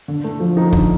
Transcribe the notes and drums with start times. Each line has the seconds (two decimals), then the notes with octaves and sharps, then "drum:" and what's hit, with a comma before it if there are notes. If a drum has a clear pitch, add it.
0.08 D3
0.24 A3
0.40 F3
0.57 D#4
0.73 D3, drum: kick